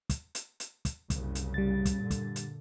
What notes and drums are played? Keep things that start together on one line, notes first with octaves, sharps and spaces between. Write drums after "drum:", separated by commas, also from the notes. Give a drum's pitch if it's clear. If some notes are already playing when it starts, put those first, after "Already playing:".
drum: kick, hi-hat
drum: hi-hat
drum: hi-hat
drum: kick, hi-hat
F#1 C2 C#3, drum: kick, hi-hat
drum: hi-hat
G3 A6
drum: kick, hi-hat
A#2 D3
drum: kick, hi-hat
drum: hi-hat